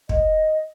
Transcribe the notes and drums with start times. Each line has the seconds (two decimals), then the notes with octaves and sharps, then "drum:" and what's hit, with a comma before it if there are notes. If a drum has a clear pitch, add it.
0.09 D#5, drum: kick